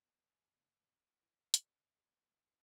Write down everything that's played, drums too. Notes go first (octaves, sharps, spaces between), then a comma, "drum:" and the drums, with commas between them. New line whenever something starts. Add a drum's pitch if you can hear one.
B3
G#5
F#1
D#7
E4
D5, drum: hi-hat
B3
D#4